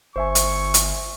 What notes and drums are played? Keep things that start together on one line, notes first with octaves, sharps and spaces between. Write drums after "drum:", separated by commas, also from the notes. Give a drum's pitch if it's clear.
G1 C5 E5 G#5 C#6
drum: hi-hat
drum: hi-hat